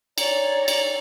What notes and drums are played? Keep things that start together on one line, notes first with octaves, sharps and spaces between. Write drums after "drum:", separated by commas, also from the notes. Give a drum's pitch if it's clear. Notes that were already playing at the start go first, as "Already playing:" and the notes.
C#5 D5 A#5, drum: cymbal
drum: cymbal